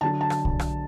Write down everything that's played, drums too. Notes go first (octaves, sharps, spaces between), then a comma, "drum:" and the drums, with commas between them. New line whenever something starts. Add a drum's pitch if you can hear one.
D3 F#3 D4 A5
A5
drum: rim click
drum: kick
drum: rim click